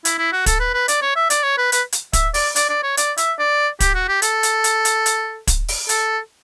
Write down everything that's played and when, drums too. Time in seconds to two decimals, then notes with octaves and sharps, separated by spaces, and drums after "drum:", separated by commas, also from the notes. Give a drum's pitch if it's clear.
0.05 E4, drum: hi-hat
0.18 E4
0.32 F#4
0.46 A4, drum: kick, hi-hat
0.60 B4
0.74 B4
0.88 D5, drum: hi-hat
1.02 C#5
1.16 E5
1.30 D5, drum: hi-hat
1.43 C#5
1.58 B4
1.72 B4, drum: hi-hat
1.92 drum: hi-hat
2.13 E5, drum: kick, hi-hat
2.34 D5, drum: open hi-hat
2.56 D5, drum: hi-hat
2.69 D5
2.83 C#5
2.97 D5, drum: hi-hat
3.17 E5, drum: hi-hat
3.39 D5
3.80 G4, drum: kick, hi-hat
3.94 F#4
4.08 G4
4.22 A4, drum: hi-hat
4.43 drum: hi-hat
4.64 drum: hi-hat
4.85 drum: hi-hat
5.06 drum: hi-hat
5.47 drum: kick, hi-hat
5.68 drum: open hi-hat
5.89 A4, drum: hi-hat